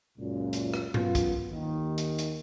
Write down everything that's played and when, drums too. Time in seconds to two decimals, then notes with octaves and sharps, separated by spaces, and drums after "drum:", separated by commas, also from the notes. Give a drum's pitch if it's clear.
0.18 C#2 F#2 A#2
0.53 drum: hi-hat
0.74 drum: rim click
0.94 F#2 B3 F4, drum: tom G2
1.15 drum: kick, hi-hat
1.52 D#2 D#3
1.98 drum: hi-hat
2.19 drum: hi-hat